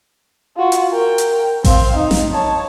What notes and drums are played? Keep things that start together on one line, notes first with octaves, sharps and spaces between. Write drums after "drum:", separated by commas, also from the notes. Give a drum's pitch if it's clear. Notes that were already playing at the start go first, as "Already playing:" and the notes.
F4 F#4
drum: hi-hat
A#4 G5
drum: hi-hat
C4 F5, drum: kick A1, open hi-hat
D#4
drum: snare
C#5 A5